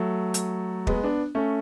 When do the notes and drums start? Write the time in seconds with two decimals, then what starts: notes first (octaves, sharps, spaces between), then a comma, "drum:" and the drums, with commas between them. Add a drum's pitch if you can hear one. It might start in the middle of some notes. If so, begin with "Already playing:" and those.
Already playing: F#3 A3
0.34 drum: hi-hat
0.87 G#3 B3, drum: kick
1.03 B3 D4
1.35 A3 C#4